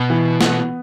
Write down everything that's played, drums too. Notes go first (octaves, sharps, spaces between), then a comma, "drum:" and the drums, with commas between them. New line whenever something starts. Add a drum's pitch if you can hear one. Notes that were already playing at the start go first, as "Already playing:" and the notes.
Already playing: B2 B3
E3
B3, drum: snare